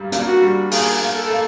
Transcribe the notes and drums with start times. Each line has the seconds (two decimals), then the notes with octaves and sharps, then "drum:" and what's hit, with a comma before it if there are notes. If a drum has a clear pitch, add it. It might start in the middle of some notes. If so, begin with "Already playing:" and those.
Already playing: G2 G3 A#3
0.12 A#3, drum: hi-hat
0.28 F#4
0.42 G3
0.71 A#3 G#4, drum: open hi-hat
1.01 A#3
1.16 A4
1.30 A#3